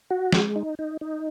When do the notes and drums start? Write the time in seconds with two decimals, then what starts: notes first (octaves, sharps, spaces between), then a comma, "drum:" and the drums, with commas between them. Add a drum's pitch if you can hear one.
0.11 F#4
0.32 G#3, drum: snare
0.56 D#4
0.79 D#4
1.01 D#4